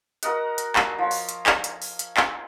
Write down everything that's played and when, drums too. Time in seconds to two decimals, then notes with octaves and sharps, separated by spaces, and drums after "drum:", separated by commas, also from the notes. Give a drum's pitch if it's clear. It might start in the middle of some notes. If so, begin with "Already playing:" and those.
0.23 F#4 A#4 D#5 F#5, drum: hi-hat
0.58 drum: hi-hat
0.76 drum: clap
0.98 F3 C#5
1.11 drum: open hi-hat
1.29 drum: hi-hat
1.46 drum: clap
1.64 drum: hi-hat
1.82 drum: open hi-hat
1.99 drum: hi-hat
2.17 drum: clap